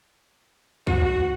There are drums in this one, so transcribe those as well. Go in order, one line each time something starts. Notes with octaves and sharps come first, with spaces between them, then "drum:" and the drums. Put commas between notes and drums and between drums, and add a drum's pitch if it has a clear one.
F#4, drum: kick